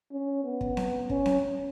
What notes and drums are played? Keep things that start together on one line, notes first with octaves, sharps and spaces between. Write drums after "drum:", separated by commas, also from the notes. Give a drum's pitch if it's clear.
C#4
B3
drum: kick
drum: snare C4
C#4, drum: kick
drum: snare C4